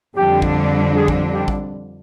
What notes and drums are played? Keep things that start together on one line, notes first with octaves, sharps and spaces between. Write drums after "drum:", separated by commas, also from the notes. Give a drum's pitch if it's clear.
F2 D3 G3 D4 G4
drum: kick
G#4
drum: kick
G4
drum: kick